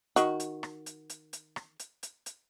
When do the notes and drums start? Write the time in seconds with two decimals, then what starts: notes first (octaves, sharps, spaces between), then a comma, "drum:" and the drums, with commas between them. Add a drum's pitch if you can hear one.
0.16 D#3 F#4, drum: hi-hat
0.40 drum: hi-hat
0.63 drum: rim click
0.86 drum: hi-hat
1.10 drum: hi-hat
1.33 drum: hi-hat
1.56 drum: rim click
1.79 drum: hi-hat
2.03 drum: hi-hat
2.26 drum: hi-hat